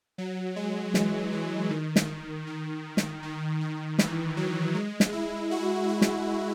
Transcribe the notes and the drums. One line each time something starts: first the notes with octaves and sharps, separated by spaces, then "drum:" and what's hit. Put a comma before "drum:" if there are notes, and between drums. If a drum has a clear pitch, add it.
F#3
G#3
E3, drum: snare
E3
D#3
drum: snare
D#3
drum: snare
D#3
D#3
E3, drum: snare
F#3
G#3
drum: snare
E4
F#4
F#4
drum: snare